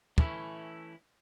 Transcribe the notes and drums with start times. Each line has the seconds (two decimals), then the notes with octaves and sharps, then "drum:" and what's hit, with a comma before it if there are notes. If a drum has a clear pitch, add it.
0.18 E3 A3 C#4 E4, drum: kick